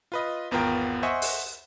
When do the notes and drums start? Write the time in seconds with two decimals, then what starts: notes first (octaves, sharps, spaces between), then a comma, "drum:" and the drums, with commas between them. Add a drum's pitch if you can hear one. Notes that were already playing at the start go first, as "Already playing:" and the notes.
0.12 F4 B4 D#5
0.51 G#1 E2 B3 F4 A#4 G5
1.03 C5 D#5 E5 F#5 G#5 C#6
1.22 drum: open hi-hat